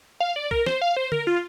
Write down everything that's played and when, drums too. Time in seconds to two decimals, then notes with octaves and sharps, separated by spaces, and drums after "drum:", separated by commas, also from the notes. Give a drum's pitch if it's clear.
0.20 F5
0.36 D5
0.51 A#4, drum: kick
0.66 C5, drum: snare
0.81 F5
0.97 C5
1.12 A#4, drum: tom D3
1.27 F4